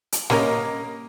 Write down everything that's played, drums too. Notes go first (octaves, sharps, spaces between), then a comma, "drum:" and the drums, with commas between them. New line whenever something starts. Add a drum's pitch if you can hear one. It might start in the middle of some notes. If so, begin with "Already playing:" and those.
drum: hi-hat
G3 A#3 C#4 A#4 D#5, drum: snare